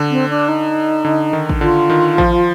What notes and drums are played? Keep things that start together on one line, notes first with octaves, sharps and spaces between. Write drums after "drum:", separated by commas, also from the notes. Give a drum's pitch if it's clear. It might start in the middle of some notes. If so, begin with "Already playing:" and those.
Already playing: D3
C4
D4
D#4
D3
D#3
drum: kick A1
D3 F4
D#3
F3, drum: kick A1